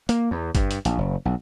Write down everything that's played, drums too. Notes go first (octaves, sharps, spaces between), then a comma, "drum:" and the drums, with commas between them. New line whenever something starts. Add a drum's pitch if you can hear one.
A#3, drum: hi-hat
E2
G2, drum: kick G#1, hi-hat
drum: hi-hat
A#1, drum: hi-hat
F#1
B1